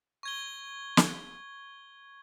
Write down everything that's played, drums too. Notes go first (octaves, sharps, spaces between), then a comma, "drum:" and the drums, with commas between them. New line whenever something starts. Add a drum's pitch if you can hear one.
C#6 G#6 G7
drum: snare